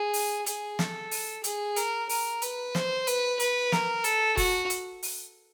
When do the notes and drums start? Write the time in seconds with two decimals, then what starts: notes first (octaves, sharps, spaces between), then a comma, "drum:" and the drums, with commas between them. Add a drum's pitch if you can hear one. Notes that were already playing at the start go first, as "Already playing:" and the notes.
Already playing: G#4
0.13 drum: open hi-hat
0.46 G#4, drum: hi-hat
0.79 A4, drum: snare
1.11 drum: open hi-hat
1.44 G#4, drum: hi-hat
1.76 A#4, drum: hi-hat
2.09 A#4, drum: open hi-hat
2.42 B4, drum: hi-hat
2.75 C5, drum: snare
3.07 B4, drum: hi-hat
3.40 B4, drum: hi-hat
3.72 A#4, drum: snare
4.04 A4, drum: hi-hat
4.37 F#4, drum: kick F1, open hi-hat
4.70 drum: hi-hat
5.03 drum: open hi-hat